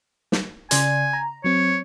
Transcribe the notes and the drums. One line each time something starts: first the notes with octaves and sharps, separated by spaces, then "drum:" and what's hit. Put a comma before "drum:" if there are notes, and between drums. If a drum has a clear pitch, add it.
drum: snare
C#3 D5 G#5 C6, drum: hi-hat
A#5
F#3 C4 C#5